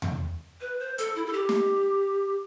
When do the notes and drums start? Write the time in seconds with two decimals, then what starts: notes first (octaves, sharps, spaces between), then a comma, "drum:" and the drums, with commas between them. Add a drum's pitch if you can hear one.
0.02 drum: tom E2
0.61 B4
0.80 C5
0.98 A4, drum: hi-hat
1.16 E4
1.26 A4
1.33 G4
1.49 drum: snare